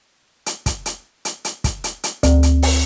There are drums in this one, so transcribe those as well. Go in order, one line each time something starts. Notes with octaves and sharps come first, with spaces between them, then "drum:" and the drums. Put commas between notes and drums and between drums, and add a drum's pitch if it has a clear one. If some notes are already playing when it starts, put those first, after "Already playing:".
drum: hi-hat
drum: kick, hi-hat
drum: hi-hat
drum: hi-hat
drum: hi-hat
drum: kick, hi-hat
drum: hi-hat
drum: hi-hat
D2, drum: kick, hi-hat
drum: hi-hat
drum: open hi-hat